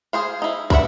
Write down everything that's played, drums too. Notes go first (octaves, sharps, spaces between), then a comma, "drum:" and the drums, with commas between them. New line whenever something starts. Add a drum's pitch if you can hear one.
G#4 C5 F5
D#4 E4
D4 B4 C5 E5 F#5, drum: kick